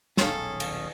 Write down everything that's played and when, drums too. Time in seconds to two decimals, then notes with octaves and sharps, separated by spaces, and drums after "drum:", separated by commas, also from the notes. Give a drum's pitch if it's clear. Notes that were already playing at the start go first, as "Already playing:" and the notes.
0.17 D#1 B1 D#3 C#4 G#4 A4 C#5 F5, drum: snare
0.60 drum: cymbal